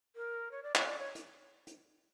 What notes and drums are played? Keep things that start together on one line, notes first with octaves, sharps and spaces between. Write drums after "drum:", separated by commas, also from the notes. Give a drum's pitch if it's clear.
A#4
C#5
D5
C#5, drum: clap
D5
C#5
drum: hi-hat
drum: hi-hat